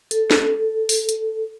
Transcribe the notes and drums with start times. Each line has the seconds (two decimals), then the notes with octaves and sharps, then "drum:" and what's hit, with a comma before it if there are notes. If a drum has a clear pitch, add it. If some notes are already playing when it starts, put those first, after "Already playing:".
0.11 A4, drum: hi-hat
0.31 drum: snare
0.89 drum: open hi-hat
1.09 drum: hi-hat